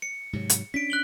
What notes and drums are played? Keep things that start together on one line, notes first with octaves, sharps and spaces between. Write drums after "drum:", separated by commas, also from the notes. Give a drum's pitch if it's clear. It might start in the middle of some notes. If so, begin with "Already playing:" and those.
C#7
G#2 C3 F#3
drum: hi-hat
C#4 D4 B6 D7
F#6 F#7 G7